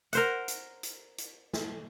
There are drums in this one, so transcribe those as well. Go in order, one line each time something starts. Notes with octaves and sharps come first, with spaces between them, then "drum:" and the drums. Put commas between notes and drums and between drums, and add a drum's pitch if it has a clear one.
A#4 C5 F#5, drum: hi-hat
drum: hi-hat
drum: hi-hat
drum: hi-hat
drum: snare